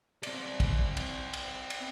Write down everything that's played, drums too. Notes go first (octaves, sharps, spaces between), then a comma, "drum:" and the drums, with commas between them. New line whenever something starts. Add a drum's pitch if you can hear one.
C4 D5, drum: cymbal
drum: kick, cymbal
drum: cymbal
drum: cymbal
drum: cymbal